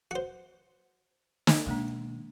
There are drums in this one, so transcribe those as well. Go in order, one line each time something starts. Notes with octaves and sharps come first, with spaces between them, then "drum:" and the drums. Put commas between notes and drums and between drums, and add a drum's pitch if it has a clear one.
F#4 C5
drum: snare
B2 D#3 G#3 A#3 D4